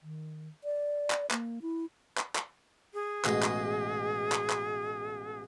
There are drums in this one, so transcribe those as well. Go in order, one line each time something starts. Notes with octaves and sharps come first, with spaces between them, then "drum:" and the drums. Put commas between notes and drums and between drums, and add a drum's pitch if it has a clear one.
D#3
D5
drum: clap
A#3, drum: clap
E4
drum: clap
drum: clap
G#4
A1 B2 G#3, drum: clap
drum: clap
drum: clap
drum: clap